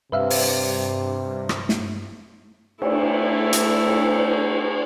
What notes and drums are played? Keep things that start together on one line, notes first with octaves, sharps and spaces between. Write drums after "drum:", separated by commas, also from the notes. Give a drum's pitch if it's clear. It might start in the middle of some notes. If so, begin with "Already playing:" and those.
G2 C3 B4 E5 F5
drum: open hi-hat
drum: rim click
drum: snare
A3 E4, drum: cymbal
drum: hi-hat
drum: cymbal